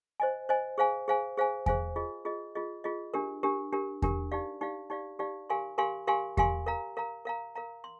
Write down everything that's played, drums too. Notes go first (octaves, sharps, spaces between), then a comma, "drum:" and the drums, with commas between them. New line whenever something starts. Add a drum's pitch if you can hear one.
C5 D#5 G#5
C5 D#5 G#5
G#4 C5 F5 G#5
G#4 C5 F5 G#5
G#4 C5 F5 G#5
G#4 C5 F5 G#5, drum: kick E2
F4 G#4 D#5
F4 G#4 D#5
F4 G#4 D#5
F4 G#4 D#5
D4 G4 A#4
D4 G4 A#4
D4 G4 A#4
D4 G4 A#4, drum: kick E2
D#4 G4 D5 F5
D#4 G4 D5 F5
D#4 G4 D5 F5
D#4 G4 D5 F5
G4 A#4 F5 G#5 C6
G4 A#4 F5 G#5 C6
G4 A#4 F5 G#5 C6
G4 A#4 F5 G#5 C6, drum: kick E2
A#4 F5 A#5
A#4 F5 A#5
A#4 F5 A#5
A#4 F5 A#5
C6